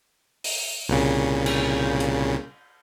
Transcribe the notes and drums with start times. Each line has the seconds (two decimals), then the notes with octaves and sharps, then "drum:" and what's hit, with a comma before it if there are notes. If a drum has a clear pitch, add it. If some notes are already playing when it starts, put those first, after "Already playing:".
0.44 drum: open hi-hat
0.89 C2 A#2 C#3
1.46 drum: cymbal
2.00 drum: hi-hat